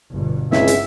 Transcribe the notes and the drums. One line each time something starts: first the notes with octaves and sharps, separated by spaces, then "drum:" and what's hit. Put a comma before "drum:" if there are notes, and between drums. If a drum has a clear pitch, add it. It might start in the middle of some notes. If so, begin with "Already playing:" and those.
G1 B2
C#2 C4 E4 G#4 E5, drum: snare
drum: hi-hat